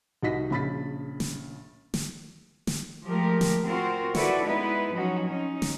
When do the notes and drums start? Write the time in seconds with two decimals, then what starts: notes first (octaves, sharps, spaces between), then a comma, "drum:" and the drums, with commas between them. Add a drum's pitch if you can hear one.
0.23 C2 D#3 F#4 D#5 A#6 B6
0.50 A#1 C#3 B5 A6 B6
1.20 drum: snare
1.94 drum: snare
2.67 drum: snare
3.05 F3 G#3 A3 G4 A#4
3.41 drum: snare
3.65 C4 F4 F#4 A#4 C5
4.15 E4 F#4 A4 B4 D5, drum: snare
4.45 G#3 B3 D#4 E4 B4
4.93 F3 F#3 C#4 D#4 F#4
5.25 C#4 D#4
5.62 drum: snare